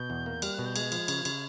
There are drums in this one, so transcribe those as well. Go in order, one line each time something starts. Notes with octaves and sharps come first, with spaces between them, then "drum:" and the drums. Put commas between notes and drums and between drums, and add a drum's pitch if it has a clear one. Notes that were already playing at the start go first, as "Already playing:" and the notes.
Already playing: B2 G6
E2
A#3
G3 F6, drum: cymbal
B2 F#6
G6
G#3 G#6, drum: cymbal
F3, drum: cymbal
C#3, drum: cymbal
C#3, drum: cymbal